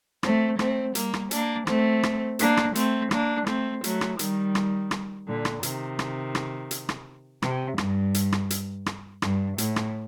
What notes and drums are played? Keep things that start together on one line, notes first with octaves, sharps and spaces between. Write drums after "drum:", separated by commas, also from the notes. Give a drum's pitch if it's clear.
A3 C4, drum: rim click
A3 C4, drum: rim click
G3 A#3, drum: hi-hat
drum: rim click
A#3 D4, drum: hi-hat
A3 C4, drum: rim click
drum: rim click
A#3 D4, drum: hi-hat
drum: rim click
A3 C4, drum: hi-hat
A#3 D4, drum: rim click
A3 C4, drum: rim click
F#3 A3, drum: hi-hat
drum: rim click
D#3 G3, drum: hi-hat
drum: rim click
drum: rim click
A#2 D3
drum: rim click
C3 D#3, drum: hi-hat
drum: rim click
drum: rim click
drum: hi-hat
drum: rim click
C3, drum: rim click
G2, drum: rim click
drum: hi-hat
drum: rim click
drum: hi-hat
drum: rim click
G2, drum: rim click
A2, drum: hi-hat
drum: rim click